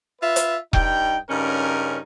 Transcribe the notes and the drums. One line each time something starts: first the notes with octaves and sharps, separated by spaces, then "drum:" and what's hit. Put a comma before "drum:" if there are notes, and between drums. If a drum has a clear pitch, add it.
F4 B4 E5
drum: hi-hat
G2 D#4 G5, drum: kick E1
G2 C#3 C#4 D#4 A#4